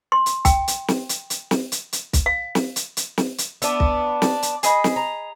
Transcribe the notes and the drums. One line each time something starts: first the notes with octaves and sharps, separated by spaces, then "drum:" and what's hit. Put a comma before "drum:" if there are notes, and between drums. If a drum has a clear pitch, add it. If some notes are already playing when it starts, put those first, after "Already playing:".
C6
drum: hi-hat
G5, drum: kick, hi-hat
drum: hi-hat
drum: snare
drum: hi-hat
drum: hi-hat
drum: snare
drum: hi-hat
drum: hi-hat
drum: kick, hi-hat
F5
drum: snare
drum: hi-hat
drum: hi-hat
drum: snare
drum: hi-hat
B3 D4 E5, drum: hi-hat
drum: kick
D5, drum: snare
drum: hi-hat
G#4 D#5 B5, drum: hi-hat
drum: snare
A#5